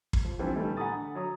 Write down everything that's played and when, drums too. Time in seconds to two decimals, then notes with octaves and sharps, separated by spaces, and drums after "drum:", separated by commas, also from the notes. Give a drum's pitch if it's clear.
0.13 drum: kick
0.24 F3
0.39 E3 F3 G3 B3 C4 D4
0.55 A2 D3 E3 G3 A3 D#4
0.77 F#5 G#5 A#5 B5 D#6 A6
0.93 D3
1.15 F#3 C#5 A#5 D#6